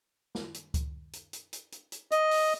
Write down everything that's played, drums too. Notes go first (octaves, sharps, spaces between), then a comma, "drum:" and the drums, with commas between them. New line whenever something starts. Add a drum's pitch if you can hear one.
drum: snare
drum: hi-hat
drum: kick C#2, hi-hat
drum: hi-hat
drum: hi-hat
drum: hi-hat
drum: hi-hat
drum: hi-hat
D#5, drum: hi-hat
drum: open hi-hat